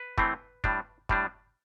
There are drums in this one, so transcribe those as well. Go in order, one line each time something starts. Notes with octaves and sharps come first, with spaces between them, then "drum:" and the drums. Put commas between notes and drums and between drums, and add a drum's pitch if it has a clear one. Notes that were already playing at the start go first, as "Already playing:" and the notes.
Already playing: B4
A2 E3 A3 C4, drum: kick
A2 G3 D4, drum: kick
A2 G3 D4, drum: kick